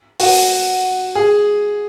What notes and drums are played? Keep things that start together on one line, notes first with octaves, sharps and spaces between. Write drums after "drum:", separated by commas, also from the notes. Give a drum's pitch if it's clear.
F#4, drum: open hi-hat
G#4